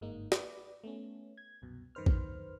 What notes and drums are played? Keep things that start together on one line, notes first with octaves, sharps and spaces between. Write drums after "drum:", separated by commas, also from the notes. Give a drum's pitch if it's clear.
G1 G#2 G#3 A#3 D#4
B4 D5, drum: snare
A3 B3 C#4
G#6
C2 F#2 B2
F#2 D#3 B4 C5 F6
drum: kick A#1